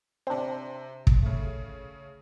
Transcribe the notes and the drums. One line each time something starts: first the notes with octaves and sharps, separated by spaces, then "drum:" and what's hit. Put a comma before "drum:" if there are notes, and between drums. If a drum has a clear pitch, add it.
C3 C4 D4 C5
drum: kick
C#3 A3